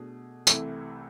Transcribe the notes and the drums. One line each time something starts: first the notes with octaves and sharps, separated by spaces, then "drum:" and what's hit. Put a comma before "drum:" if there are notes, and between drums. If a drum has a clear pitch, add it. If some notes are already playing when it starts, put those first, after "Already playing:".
Already playing: B2 A3 D4 G#4
C2 C3 E3 A3 E4, drum: tambourine